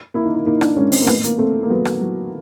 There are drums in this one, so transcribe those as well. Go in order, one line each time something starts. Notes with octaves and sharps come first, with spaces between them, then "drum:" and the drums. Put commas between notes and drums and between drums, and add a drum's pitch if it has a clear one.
A#3 E4
D#4
E4
A#3 D#4
D4, drum: rim click
G#2 C#4
C4, drum: open hi-hat
A#3
A2 B3, drum: rim click
A#3, drum: hi-hat
A3 C4
A#3
F#3 B3
drum: rim click
F#3